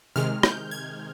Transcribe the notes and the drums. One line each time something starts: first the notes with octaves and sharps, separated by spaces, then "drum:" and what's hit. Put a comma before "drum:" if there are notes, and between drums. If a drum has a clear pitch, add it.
C3 D#3 G#3 F6
G6, drum: rim click
G#6